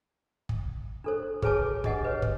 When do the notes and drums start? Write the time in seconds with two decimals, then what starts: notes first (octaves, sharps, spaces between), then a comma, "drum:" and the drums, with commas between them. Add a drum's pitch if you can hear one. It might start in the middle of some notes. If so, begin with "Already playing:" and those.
0.49 drum: kick
1.04 D4 A4 C5
1.42 G#4 B4 C#5 G#5 A5 D6, drum: kick
1.84 D4 G4 D#5 F#5 G#5, drum: kick
2.04 B4 C#5
2.22 drum: kick